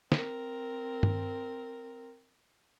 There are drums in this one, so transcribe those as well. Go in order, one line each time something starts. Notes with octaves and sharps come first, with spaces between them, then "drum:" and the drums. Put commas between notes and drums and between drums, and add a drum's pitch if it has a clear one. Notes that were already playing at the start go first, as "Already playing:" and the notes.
C4 A#4, drum: snare
drum: tom G2